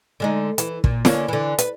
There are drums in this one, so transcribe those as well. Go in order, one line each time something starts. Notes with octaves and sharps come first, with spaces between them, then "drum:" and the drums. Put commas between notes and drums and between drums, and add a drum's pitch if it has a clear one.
D3 G#3 D#4
E3, drum: hi-hat
A#2, drum: kick
D3 A#3 C#4, drum: snare
D3 E3
B4, drum: hi-hat